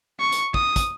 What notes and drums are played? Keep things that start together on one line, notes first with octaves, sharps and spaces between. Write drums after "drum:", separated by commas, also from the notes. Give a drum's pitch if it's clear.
C#6
drum: hi-hat
D#6, drum: kick
drum: kick, hi-hat